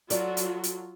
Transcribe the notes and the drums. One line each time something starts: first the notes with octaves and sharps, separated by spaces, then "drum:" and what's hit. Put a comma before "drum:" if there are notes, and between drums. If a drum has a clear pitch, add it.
F#3 F4 F#4 A4 D5, drum: hi-hat
drum: hi-hat
drum: hi-hat